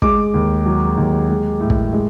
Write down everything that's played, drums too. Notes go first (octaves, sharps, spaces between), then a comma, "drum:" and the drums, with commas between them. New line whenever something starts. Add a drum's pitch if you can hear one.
G#3 D6, drum: kick
D#2
F#3
D#2
G#3
A2
drum: kick
G#3